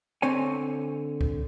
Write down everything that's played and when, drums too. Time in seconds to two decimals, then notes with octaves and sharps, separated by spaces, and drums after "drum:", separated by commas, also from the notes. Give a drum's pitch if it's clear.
0.22 D3 C4 C#5 G#5
1.21 drum: kick C2